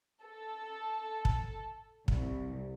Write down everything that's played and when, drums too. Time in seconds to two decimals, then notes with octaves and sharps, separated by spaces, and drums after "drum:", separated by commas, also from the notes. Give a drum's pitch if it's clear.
0.23 A4
1.25 drum: kick
2.08 C2, drum: kick